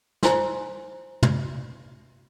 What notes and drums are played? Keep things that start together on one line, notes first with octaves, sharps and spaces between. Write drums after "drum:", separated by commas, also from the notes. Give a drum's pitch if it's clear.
E4 C5 G#5 C6, drum: snare
drum: tom